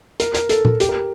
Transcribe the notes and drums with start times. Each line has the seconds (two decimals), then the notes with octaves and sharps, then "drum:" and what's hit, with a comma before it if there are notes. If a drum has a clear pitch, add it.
0.20 A#4, drum: hi-hat
0.34 A#4, drum: hi-hat
0.49 A4, drum: hi-hat
0.65 drum: tom A#2
0.80 G4, drum: hi-hat
0.89 A#4